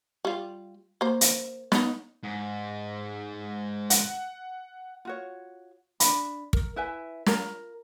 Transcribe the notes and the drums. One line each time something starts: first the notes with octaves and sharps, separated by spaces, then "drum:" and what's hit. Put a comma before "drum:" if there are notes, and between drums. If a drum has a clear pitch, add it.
G3 F4
A#3 C5
drum: hi-hat
B3 D#4, drum: snare
G#2
F#5, drum: hi-hat
F4 F#4 C#5
D4 B5, drum: hi-hat
A#4, drum: kick
E4 B4 E5 G#5
F4 A#4 A#5, drum: snare